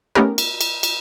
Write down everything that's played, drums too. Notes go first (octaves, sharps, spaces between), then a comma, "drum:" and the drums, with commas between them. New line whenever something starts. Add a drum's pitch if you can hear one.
A3 B3 C#4 D#4 G4 A#4
drum: cymbal
drum: cymbal
drum: cymbal